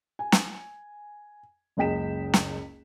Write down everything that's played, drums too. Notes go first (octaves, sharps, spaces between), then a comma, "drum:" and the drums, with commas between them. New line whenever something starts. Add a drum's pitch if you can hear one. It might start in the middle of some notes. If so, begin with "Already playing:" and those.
G#5
drum: snare
F#1 C#2 D#5 G5 B6 E7
drum: snare